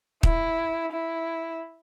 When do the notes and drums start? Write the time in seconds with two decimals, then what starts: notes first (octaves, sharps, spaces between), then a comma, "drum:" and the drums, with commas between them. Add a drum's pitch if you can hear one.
0.23 E4, drum: kick
0.92 E4